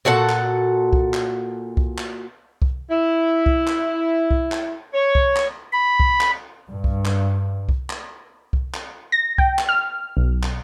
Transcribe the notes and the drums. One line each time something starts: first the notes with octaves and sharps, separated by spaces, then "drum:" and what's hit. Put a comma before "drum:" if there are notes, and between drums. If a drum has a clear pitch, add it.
A#2 F#4 A4 F#5
drum: clap
drum: kick C2
drum: clap
drum: kick C2
drum: clap
drum: kick C2
E4
drum: kick C2
drum: clap
drum: kick C2
drum: clap
C#5
drum: kick C2
drum: clap
B5
drum: kick C2
drum: clap
G2
drum: kick C2
drum: clap
drum: kick C2
drum: clap
drum: kick C2
drum: clap
A#6
G5, drum: kick C2
drum: clap
F6
B1
drum: clap